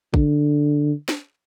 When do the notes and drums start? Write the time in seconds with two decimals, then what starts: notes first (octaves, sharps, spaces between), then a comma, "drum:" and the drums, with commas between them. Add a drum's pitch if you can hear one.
0.14 D3, drum: kick
1.08 drum: snare